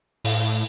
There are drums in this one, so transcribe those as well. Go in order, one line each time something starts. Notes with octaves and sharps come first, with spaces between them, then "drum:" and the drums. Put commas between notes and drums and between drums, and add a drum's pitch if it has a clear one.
A2, drum: open hi-hat